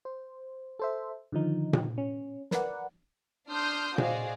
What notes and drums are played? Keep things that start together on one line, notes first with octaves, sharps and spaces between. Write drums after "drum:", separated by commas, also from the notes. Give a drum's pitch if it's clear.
C5
A4 C5 E5
D3 D#3 F3 D#4
drum: tom A#2
C#4
A#4 B4 D5 F#5, drum: snare
D4 C6 D#6 F6 G6
F#4 G#4 C5 D5 D#5 F5, drum: tom A#2